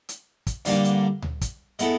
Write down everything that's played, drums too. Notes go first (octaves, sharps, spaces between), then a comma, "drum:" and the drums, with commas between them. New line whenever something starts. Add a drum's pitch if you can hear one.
drum: hi-hat
drum: kick, hi-hat
G2 D3 G3 A#3 D4, drum: open hi-hat
drum: hi-hat
drum: tom D2
drum: kick, hi-hat
G#3 B3 E4 A4, drum: hi-hat